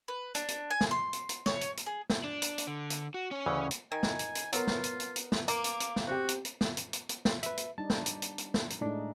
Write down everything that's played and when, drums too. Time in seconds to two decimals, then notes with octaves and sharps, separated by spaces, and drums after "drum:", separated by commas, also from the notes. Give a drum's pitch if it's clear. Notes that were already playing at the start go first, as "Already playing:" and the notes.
0.08 B4
0.35 D4, drum: hi-hat
0.48 drum: hi-hat
0.71 G#5
0.81 drum: snare
0.91 C6
1.13 drum: hi-hat
1.29 drum: hi-hat
1.46 C#5, drum: snare
1.61 drum: hi-hat
1.77 drum: hi-hat
1.86 G#4
2.10 drum: snare
2.24 D4
2.42 drum: hi-hat
2.58 drum: hi-hat
2.67 D3
2.90 drum: hi-hat
3.14 F#4
3.31 C#4 C#5
3.46 D2 C#3 E3
3.71 drum: hi-hat
3.92 D#3 G#5
4.03 drum: snare
4.19 drum: hi-hat
4.35 drum: hi-hat
4.53 F#3 B3 F4 A#4, drum: hi-hat
4.67 drum: snare
4.84 drum: hi-hat
5.00 drum: hi-hat
5.16 drum: hi-hat
5.32 drum: snare
5.48 A#3 D6, drum: hi-hat
5.64 drum: hi-hat
5.80 drum: hi-hat
5.96 drum: snare
6.07 C4 F#4 G4
6.29 drum: hi-hat
6.45 drum: hi-hat
6.61 drum: snare
6.77 drum: hi-hat
6.93 drum: hi-hat
7.09 drum: hi-hat
7.25 drum: snare
7.43 B4 E5, drum: hi-hat
7.57 drum: hi-hat
7.78 G3 D4 D#4 A5
7.90 drum: snare
8.06 drum: hi-hat
8.22 drum: hi-hat
8.38 drum: hi-hat
8.54 drum: snare
8.70 drum: hi-hat
8.81 A2 G#3 A3 D4 D#4